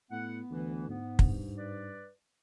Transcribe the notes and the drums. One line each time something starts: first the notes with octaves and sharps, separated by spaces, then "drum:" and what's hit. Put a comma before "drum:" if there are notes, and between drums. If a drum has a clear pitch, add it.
A2 B3 F#5
D2 E3
G#2 B3
G2, drum: kick
B4 D5